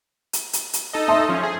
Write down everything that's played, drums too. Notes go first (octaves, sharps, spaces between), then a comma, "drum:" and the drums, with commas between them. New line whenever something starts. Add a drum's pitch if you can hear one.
drum: hi-hat
drum: hi-hat
drum: hi-hat
D#4 A4 D#5
E5 A5 C6
F3 C#4
G#4